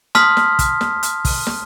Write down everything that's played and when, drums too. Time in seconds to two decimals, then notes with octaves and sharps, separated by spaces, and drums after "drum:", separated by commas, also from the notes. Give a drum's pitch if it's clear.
0.15 A5 C6 D#6 F6 B6, drum: snare
0.37 drum: snare
0.59 drum: kick, hi-hat
0.81 drum: snare
1.03 drum: hi-hat
1.25 drum: kick, open hi-hat
1.47 drum: snare